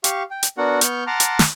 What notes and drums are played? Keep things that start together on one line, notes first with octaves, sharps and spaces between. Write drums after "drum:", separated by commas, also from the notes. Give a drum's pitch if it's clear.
G4 F5 C#6, drum: hi-hat
G5
drum: hi-hat
B3 D4 F#4 A#4 F#5
B3 C#6 F6 G6, drum: hi-hat
F#5 A5 A#5 C6 D6 F6
drum: hi-hat
drum: snare